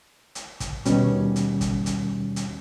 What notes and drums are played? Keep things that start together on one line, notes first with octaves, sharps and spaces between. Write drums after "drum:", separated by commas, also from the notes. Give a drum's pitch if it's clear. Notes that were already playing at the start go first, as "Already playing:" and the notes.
drum: hi-hat
drum: kick, hi-hat
D#2 B2 D#3 G3 C#4, drum: hi-hat
drum: hi-hat
drum: kick, hi-hat
drum: hi-hat
drum: hi-hat